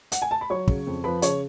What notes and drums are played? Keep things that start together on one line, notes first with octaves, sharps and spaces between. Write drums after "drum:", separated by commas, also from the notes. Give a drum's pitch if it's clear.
F#5, drum: hi-hat
G#5
A5
B5
F#3 C#5 C#6
C#3, drum: kick
F2
F3 B4 B5
C#3 C#5 C#6, drum: hi-hat